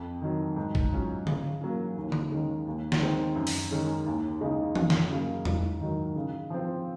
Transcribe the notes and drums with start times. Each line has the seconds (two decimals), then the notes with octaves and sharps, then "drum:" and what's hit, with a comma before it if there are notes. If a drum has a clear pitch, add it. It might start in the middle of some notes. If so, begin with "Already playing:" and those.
Already playing: F2
0.21 D#3 F#3
0.56 G#2
0.75 drum: kick
0.92 F#3 C#4 F4
1.27 C#3, drum: tom D3
1.61 F#3 A#3 C#4
1.97 D#2
2.12 drum: tom D3
2.31 D#3 G#3 C#4
2.67 D#2
2.92 drum: snare
3.01 D#3 G#3 C4
3.36 F#2
3.47 drum: open hi-hat
3.71 D#3 G#3 C#4
4.06 D#2
4.41 C#3 G#3 D#4
4.75 F#2, drum: tom E3
4.90 drum: snare
5.10 C#3 F#3 A#3
5.45 G#2, drum: tom E2
5.80 D#3 F#3
6.16 C#3
6.50 F3 C4